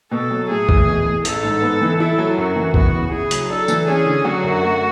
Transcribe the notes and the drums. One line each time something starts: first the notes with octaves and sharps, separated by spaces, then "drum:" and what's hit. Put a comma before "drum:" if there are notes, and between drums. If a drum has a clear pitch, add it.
B2 A4
F#3
A2 G#4
E3, drum: kick
B2
A3
A1 A4, drum: hi-hat
G#2
B3
E3
E4 A4
F#3
F#2 F#4
E3
B3 F#4, drum: kick
C#3
E4 G#4
F#3, drum: hi-hat
D4 A4
E3, drum: tambourine
C#4 G#4
D3
F#3 F#4
F#2
A3